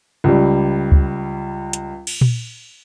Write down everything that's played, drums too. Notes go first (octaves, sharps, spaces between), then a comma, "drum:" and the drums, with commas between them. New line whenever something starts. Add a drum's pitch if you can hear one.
C#2 G3
drum: kick C#2
drum: hi-hat
drum: cymbal
drum: tom A#2